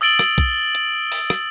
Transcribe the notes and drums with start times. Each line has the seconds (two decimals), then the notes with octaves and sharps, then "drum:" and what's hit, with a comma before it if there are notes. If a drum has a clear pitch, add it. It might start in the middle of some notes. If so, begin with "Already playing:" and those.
0.01 D#6 E6 A6 D7 F#7 G7
0.19 drum: rim click
0.38 drum: kick, hi-hat
0.75 drum: hi-hat
1.12 drum: open hi-hat
1.30 drum: rim click